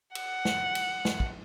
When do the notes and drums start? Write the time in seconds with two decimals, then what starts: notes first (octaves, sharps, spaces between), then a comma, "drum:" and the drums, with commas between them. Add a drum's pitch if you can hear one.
0.15 F#5, drum: cymbal
0.45 drum: snare
0.75 drum: cymbal
1.05 drum: snare
1.20 drum: kick